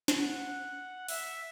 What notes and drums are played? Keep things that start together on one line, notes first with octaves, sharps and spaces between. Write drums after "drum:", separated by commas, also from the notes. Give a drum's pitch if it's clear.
drum: snare
F#5
E5, drum: open hi-hat